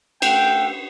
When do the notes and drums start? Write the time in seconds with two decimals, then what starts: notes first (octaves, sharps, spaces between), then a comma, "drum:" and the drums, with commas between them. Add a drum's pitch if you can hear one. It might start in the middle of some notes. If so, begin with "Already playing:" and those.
0.22 A3 E5 F#5 G5, drum: cymbal